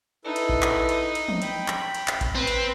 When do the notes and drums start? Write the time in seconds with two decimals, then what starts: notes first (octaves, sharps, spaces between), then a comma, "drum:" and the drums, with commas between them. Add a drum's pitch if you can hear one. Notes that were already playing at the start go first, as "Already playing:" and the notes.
0.25 D#4 E4 A4 B4
0.36 drum: cymbal
0.49 drum: kick A1
0.62 drum: clap
0.89 drum: cymbal
1.15 drum: cymbal
1.28 drum: tom E3
1.42 G5 B5, drum: cymbal
1.68 drum: clap
1.94 drum: cymbal
2.08 drum: clap
2.21 drum: kick A1, cymbal
2.35 C4 B4
2.47 drum: cymbal